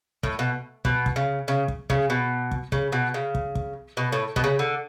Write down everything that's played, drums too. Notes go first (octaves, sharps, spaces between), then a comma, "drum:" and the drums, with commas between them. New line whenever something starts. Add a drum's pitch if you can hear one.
A2, drum: kick
B2
B2, drum: kick
drum: kick
C#3
C#3
drum: kick
C#3, drum: kick
B2
drum: kick
C#3, drum: kick
B2
C#3
drum: kick
drum: kick
B2
A2
B2, drum: kick
C#3
D3